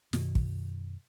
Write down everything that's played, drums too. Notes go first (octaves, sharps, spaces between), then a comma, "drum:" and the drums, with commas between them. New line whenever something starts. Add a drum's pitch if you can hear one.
F#2 B2 D#3, drum: snare
drum: kick